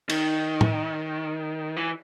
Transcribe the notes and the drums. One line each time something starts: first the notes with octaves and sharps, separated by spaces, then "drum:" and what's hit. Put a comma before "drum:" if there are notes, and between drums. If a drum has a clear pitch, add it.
D#3, drum: cymbal
drum: tom
E3